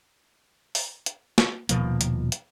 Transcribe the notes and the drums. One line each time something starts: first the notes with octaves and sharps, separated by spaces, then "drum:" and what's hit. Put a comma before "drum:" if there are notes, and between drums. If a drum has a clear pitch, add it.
drum: open hi-hat
drum: hi-hat
drum: snare
D#1 B2 F3 A#3, drum: hi-hat
drum: hi-hat
drum: hi-hat